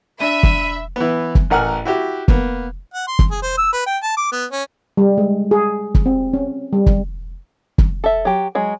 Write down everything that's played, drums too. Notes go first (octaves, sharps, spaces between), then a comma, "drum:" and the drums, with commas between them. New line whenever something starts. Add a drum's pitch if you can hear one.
D4 E5 B5 D#7
drum: kick
E3 B3
drum: kick
A1 A#4 F#5 G#5 F6
E4 F#4 G4
A#3 B3, drum: kick
F#5
C6
drum: kick
G#4
C5
E6
B4
G5
A5
D6
B3
C#4
G3
G#3
G#4
drum: kick
C4
C#4
G3
drum: kick
drum: kick
A4 E5
F#3 G4
F#3 G#3